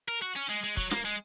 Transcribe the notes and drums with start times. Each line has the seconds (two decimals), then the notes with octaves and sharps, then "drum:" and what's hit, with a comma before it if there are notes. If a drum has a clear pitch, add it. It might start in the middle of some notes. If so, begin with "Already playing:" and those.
0.08 A#4
0.22 F#4
0.36 C#4
0.49 G#3
0.64 G#3
0.77 F#3, drum: kick
0.91 A#3, drum: snare
1.05 G#3